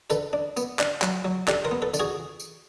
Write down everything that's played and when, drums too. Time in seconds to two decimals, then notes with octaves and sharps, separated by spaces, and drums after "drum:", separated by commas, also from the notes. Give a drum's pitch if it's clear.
0.10 D3 A4 B4, drum: tambourine
0.33 D4
0.57 B3, drum: tambourine
0.79 D4, drum: clap
1.02 F#3, drum: clap
1.25 F#3
1.48 D4 G4 A4, drum: clap
1.65 A#4 C5
1.71 B3
1.82 A4 B4
1.94 D3, drum: tambourine
1.99 F#4 G#4
2.40 drum: tambourine